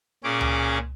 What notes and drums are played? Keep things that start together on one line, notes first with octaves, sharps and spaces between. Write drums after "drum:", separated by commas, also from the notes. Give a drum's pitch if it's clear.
A#2 C#4 G#4 D6
drum: tom C#2